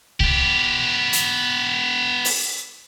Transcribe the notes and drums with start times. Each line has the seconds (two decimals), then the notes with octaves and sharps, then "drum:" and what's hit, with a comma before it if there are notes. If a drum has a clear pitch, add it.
0.20 B3 G4, drum: kick C2
1.13 drum: hi-hat
2.25 drum: open hi-hat